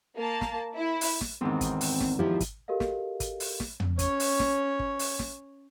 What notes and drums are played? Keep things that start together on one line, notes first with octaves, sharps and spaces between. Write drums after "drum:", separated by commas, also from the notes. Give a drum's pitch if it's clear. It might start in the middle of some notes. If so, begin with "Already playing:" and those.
A#3 A5
drum: snare
E4
drum: open hi-hat
drum: snare
E2 G#2 D#3 C4
drum: kick, hi-hat
drum: open hi-hat
drum: snare
F3 D#4 E4 G4
drum: kick, hi-hat
F#4 G4 A4 A#4 D#5 F5
drum: snare
drum: kick, hi-hat
drum: open hi-hat
drum: snare
drum: tom
C#4 C#5, drum: kick, hi-hat
drum: open hi-hat
drum: snare
drum: kick
drum: open hi-hat
drum: snare